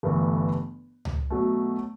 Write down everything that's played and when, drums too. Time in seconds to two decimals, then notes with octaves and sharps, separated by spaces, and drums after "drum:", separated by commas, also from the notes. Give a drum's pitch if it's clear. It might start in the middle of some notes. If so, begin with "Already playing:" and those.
0.03 G1 G2 E3 A3
1.05 drum: tom C#2
1.30 B2 F#3 A3